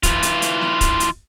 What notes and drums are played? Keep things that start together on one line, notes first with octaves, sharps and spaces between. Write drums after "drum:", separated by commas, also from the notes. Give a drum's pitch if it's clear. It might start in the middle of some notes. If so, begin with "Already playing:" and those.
E3 F4, drum: kick, hi-hat
drum: hi-hat
drum: hi-hat
drum: snare
drum: kick, hi-hat
drum: hi-hat